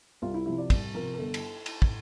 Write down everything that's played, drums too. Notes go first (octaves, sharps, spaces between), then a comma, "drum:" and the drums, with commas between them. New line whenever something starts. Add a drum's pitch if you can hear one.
C2 F4
E4
C3 F3 E4
D5
C2, drum: kick, cymbal
C3 F3 A#4
A#4
G1 A4
drum: cymbal
drum: cymbal
drum: kick